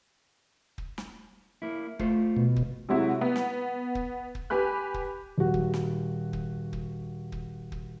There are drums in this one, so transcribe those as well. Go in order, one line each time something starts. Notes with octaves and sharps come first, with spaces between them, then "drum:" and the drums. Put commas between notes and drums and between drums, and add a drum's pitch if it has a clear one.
drum: kick
drum: snare
A#3 E4
A3 F4 C5, drum: kick
B2
drum: kick
C3 F#3 G#3 E4 F#4
B3
drum: snare
drum: kick
drum: kick
G4 B4 G#5 B5 F#6
drum: kick
D#1 F#4
drum: kick
drum: snare
drum: kick
drum: kick
drum: kick
drum: kick